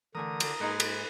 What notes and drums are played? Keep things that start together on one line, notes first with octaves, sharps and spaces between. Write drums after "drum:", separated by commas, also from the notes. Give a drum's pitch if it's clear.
D3 E3 A3 A#4 G#5 D#6
drum: cymbal
G#2 G#3 A#3 D#4 B4 A#5
drum: cymbal